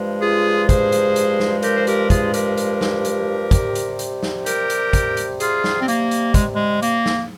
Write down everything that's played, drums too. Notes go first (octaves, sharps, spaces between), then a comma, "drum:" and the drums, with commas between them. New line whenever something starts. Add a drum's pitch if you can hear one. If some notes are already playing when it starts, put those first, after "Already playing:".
Already playing: G2 F3 G#3
F4 G#4
G#4 C5, drum: kick, hi-hat
drum: hi-hat
drum: hi-hat
drum: snare
G4 A#4, drum: hi-hat
C5
G4 A#4, drum: hi-hat
F4 G#4, drum: kick, hi-hat
G4 A#4, drum: hi-hat
drum: hi-hat
drum: snare
drum: hi-hat
C3 G3, drum: kick, hi-hat
drum: hi-hat
drum: hi-hat
drum: snare
G4 A#4, drum: hi-hat
drum: hi-hat
drum: kick, hi-hat
drum: hi-hat
F4 G#4, drum: hi-hat
drum: snare
C4
A#3, drum: hi-hat
drum: hi-hat
G#3, drum: kick, hi-hat
G#3
A#3, drum: hi-hat
drum: snare